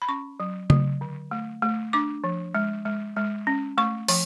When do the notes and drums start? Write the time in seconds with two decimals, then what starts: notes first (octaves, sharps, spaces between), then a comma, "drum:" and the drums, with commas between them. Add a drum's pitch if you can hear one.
0.02 B5
0.09 C#4 C#6
0.40 F#3
0.70 F#3, drum: tom C#3
1.01 D3
1.31 A3
1.62 A3
1.93 D4 D6
2.24 F3
2.55 G#3
2.86 G#3
3.16 G#3
3.47 C#4
3.78 A3 C#6
4.08 F3, drum: open hi-hat